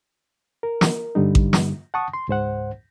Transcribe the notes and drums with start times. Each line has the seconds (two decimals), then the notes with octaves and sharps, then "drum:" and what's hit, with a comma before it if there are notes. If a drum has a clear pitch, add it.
0.63 A#4
0.81 drum: snare
1.15 G2 D3 G3 D#4
1.35 drum: kick A1
1.53 drum: snare
1.94 F#5 A5 C#6 D#6
2.13 C6
2.28 C#2 G#2 C5 F#5